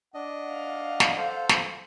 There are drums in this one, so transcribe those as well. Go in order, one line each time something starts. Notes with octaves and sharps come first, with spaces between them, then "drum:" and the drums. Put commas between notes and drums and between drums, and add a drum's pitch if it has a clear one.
D4 D#5 F#5
F5
drum: snare
A4 C5
drum: snare